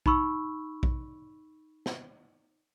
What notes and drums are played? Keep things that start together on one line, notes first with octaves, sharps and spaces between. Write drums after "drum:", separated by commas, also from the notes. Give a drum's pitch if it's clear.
D#4 B5 C#6 E6, drum: kick A#1
drum: kick A#1
drum: snare